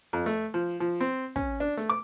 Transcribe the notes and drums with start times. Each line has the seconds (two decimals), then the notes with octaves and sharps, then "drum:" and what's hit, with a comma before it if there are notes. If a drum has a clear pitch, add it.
0.13 F2
0.26 A3, drum: hi-hat
0.54 F3
0.80 F3
1.01 C4, drum: hi-hat
1.36 C#4, drum: kick, hi-hat
1.60 D4
1.77 A3, drum: hi-hat
1.90 D6